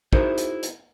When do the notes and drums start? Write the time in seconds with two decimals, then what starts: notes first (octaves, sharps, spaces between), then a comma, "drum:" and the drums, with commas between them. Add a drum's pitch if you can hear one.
0.13 D#4 E4 F#4 G#4 A#4 C5, drum: kick
0.38 drum: hi-hat
0.63 drum: hi-hat